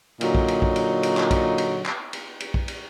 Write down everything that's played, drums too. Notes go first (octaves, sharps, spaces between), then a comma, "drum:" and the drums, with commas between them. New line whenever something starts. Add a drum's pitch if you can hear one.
A#2 D3 F#3 D#4, drum: cymbal
drum: kick
drum: cymbal
drum: kick
drum: cymbal
drum: cymbal
drum: clap
drum: kick, cymbal
drum: cymbal
drum: clap
drum: cymbal
drum: cymbal
drum: kick
drum: cymbal